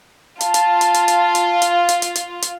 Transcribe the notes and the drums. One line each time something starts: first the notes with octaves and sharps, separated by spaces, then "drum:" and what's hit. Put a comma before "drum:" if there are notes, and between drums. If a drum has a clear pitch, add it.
F4 A5, drum: hi-hat
drum: hi-hat
drum: hi-hat
drum: hi-hat
drum: hi-hat
drum: hi-hat
drum: hi-hat
drum: hi-hat
drum: hi-hat
drum: hi-hat
drum: hi-hat